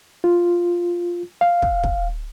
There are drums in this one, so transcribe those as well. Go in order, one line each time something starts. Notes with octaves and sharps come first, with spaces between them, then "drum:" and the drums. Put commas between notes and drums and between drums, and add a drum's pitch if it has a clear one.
F4
F5
drum: kick
drum: kick